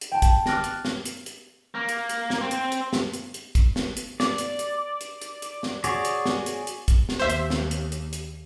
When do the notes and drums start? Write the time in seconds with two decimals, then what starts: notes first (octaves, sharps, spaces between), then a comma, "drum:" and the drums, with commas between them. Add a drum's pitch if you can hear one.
0.01 drum: hi-hat
0.12 G5 A5
0.22 drum: kick, hi-hat
0.46 D6 F6 F#6 A6 A#6 D7, drum: snare
0.64 drum: hi-hat
0.85 drum: snare
1.05 drum: hi-hat
1.26 drum: hi-hat
1.75 A#3
1.89 drum: hi-hat
2.09 drum: hi-hat
2.30 drum: snare
2.41 C4
2.51 drum: hi-hat
2.72 drum: hi-hat
2.93 drum: snare
3.13 drum: hi-hat
3.34 drum: hi-hat
3.55 drum: kick, hi-hat
3.76 drum: snare
3.97 drum: hi-hat
4.20 D5, drum: snare
4.38 drum: hi-hat
4.59 drum: hi-hat
5.01 drum: hi-hat
5.22 drum: hi-hat
5.42 drum: hi-hat
5.63 drum: snare
5.84 F#4 G#4 C#5 D5, drum: hi-hat
6.05 drum: hi-hat
6.26 drum: snare
6.46 drum: hi-hat
6.67 drum: hi-hat
6.88 drum: kick, hi-hat
7.09 drum: snare
7.19 D#2 C5 E5
7.30 drum: hi-hat
7.50 drum: snare
7.71 drum: hi-hat
7.92 drum: hi-hat
8.13 drum: hi-hat